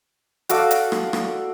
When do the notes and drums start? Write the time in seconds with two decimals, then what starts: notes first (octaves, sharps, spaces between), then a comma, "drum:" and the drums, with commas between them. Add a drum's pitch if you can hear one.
0.49 F#4 A4 D5 F5, drum: hi-hat
0.71 drum: hi-hat
0.92 drum: rim click
1.13 drum: rim click